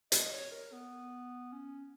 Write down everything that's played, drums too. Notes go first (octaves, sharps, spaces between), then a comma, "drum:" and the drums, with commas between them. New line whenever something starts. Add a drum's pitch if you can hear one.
D#5, drum: hi-hat
C#5
A#4
B3
C#4